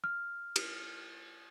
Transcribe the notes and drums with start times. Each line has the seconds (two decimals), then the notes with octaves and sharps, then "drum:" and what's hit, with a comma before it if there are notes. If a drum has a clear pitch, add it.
0.04 F6
0.56 drum: cymbal